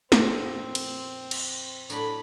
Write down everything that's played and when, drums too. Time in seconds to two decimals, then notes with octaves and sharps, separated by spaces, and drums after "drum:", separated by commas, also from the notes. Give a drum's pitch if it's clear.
0.12 F2 A#2 C4, drum: snare
0.75 drum: cymbal
1.31 drum: cymbal
1.90 A2 F#3 D4 B5, drum: tambourine